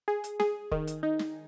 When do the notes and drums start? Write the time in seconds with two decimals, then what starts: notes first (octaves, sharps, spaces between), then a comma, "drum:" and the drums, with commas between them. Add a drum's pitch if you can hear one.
0.08 G#4
0.24 drum: hi-hat
0.40 G#4, drum: snare
0.71 D#3, drum: kick
0.87 drum: hi-hat
1.03 D#4
1.19 drum: snare